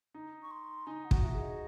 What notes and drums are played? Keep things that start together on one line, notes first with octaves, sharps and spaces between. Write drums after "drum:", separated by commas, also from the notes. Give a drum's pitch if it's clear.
D#4
C#6
C6
D#4 G#5
F#5
F#4, drum: kick
F#4 E5
G#4
D#5